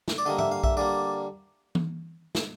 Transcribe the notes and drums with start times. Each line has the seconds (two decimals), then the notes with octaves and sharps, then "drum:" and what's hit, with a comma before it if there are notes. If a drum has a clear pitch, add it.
0.08 drum: snare
0.18 D5
0.26 D3 G3 A#3 D#5
0.38 E5, drum: tom G#2
0.52 F5
0.64 E5, drum: kick B1
0.77 D3 G3 A#3 D5
1.75 drum: tom E3
2.35 drum: snare